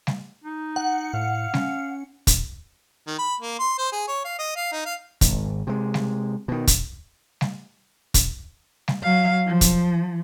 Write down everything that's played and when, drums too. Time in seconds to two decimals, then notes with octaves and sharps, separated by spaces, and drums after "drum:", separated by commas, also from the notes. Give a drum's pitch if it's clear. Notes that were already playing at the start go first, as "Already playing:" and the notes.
0.07 drum: snare G3
0.44 D#4
0.76 F#5
1.13 A2 F5
1.54 C#4, drum: snare G3
2.27 drum: kick, hi-hat
3.07 D#3
3.19 B5
3.41 A#3
3.60 C6
3.78 C5
3.92 G#4
4.08 C#5
4.25 F5
4.39 D#5
4.56 F5
4.72 D#4
4.86 F5
5.21 G#1, drum: kick, hi-hat
5.67 C3 G#3
5.94 drum: snare G3
6.48 B2 D#3
6.67 drum: kick, hi-hat
7.41 drum: snare G3
8.14 drum: kick, hi-hat
8.88 drum: snare G3
9.03 F#3 F5
9.47 F3
9.61 drum: kick, hi-hat